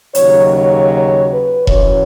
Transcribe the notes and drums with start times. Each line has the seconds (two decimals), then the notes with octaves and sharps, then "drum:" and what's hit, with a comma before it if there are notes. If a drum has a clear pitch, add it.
0.15 D#2 C#3 F#3 C#5, drum: hi-hat
0.53 C#5
0.92 C#5
1.30 B4
1.67 F#2 E3 C#5, drum: kick E1